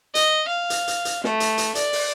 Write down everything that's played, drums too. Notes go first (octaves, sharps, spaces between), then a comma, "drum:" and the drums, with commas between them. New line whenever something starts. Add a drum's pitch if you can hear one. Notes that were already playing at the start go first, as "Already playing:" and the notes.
D#5, drum: hi-hat
F5
drum: hi-hat
drum: hi-hat
drum: hi-hat
A3, drum: snare
drum: hi-hat
drum: hi-hat
D5, drum: hi-hat
drum: open hi-hat